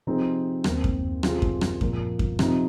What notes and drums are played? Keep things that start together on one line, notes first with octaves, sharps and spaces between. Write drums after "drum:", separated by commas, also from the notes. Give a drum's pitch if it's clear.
C3 F3 C4 D#4 G#4
D#2 D#3 C4, drum: rim click
drum: kick F#2
C3 D#3 C4 F4 G#4, drum: rim click
drum: kick F#2
drum: rim click
A#2 F3 A#3, drum: kick F#2
drum: kick F#2
C3 F3 C4 D#4, drum: rim click